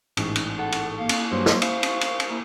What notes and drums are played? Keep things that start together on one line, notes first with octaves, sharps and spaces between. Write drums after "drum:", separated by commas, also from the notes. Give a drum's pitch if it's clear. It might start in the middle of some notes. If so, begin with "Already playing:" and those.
A1 G#2, drum: cymbal
drum: cymbal
A4 F#5
drum: cymbal
A#3 F5
drum: cymbal
G2 F#3 C5
drum: snare
E4 C5 F5, drum: cymbal
drum: cymbal
drum: cymbal
drum: cymbal
A#3 E4 A#4